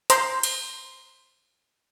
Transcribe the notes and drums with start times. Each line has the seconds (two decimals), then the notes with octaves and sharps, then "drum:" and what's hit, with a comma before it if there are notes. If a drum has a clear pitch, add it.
0.10 C5 A#5 C6, drum: hi-hat
0.43 drum: cymbal